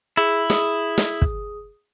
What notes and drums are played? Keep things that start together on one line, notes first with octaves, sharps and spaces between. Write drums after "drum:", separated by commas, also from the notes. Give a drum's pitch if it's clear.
E4 G#4
G#4 D#6, drum: snare
drum: snare
drum: kick